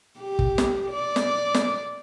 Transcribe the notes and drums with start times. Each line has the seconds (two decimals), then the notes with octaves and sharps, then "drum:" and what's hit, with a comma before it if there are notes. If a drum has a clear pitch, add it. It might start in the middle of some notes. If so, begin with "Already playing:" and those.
0.19 G4
0.39 drum: kick
0.58 drum: snare
0.92 D5
1.16 drum: snare
1.54 drum: snare